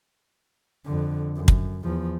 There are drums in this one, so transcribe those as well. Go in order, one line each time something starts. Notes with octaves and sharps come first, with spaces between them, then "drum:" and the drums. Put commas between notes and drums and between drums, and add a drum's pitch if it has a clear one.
F2 D3
F#2
drum: kick
E2 F3